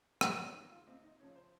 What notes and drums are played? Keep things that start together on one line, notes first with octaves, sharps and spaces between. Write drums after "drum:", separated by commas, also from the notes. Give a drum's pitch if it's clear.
F2 C5, drum: rim click
C#5
D#3 F#4
F4
C#2 C4
D#4
C#3 F3 C#5
C5